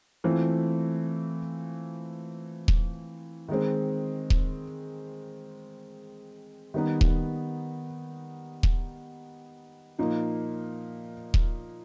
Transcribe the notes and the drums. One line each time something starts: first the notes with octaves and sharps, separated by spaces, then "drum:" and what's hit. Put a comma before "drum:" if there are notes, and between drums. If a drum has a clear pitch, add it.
E3 A3 C4 F4
drum: kick D#1
D#3 G#3 C4
drum: kick D#1
D#3 G3 B3 D#4
drum: kick D#1
drum: kick D#1
A#2 F3 A#3 D#4
drum: kick D#1